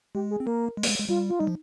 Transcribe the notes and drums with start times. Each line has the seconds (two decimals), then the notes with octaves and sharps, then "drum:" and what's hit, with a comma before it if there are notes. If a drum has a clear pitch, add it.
0.15 G#3 G4
0.31 G#4
0.40 C4
0.46 A#3 A#4
0.77 G#3
0.83 A#3, drum: open hi-hat
0.88 G#3
0.98 G#3
1.09 G3 F4
1.29 F4
1.39 G3 D#4
1.47 F3